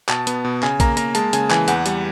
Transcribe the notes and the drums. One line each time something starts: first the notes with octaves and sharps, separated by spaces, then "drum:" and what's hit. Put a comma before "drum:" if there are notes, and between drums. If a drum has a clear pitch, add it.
B2 A5, drum: clap
B3, drum: hi-hat
B2
C#3 G#5, drum: clap
A#3 A#5, drum: kick A#1, hi-hat
A#3 A#5, drum: hi-hat
G#3 A5, drum: hi-hat
C#3 G#5, drum: hi-hat
E3 G#5, drum: clap
E2 F#5, drum: hi-hat
G3, drum: hi-hat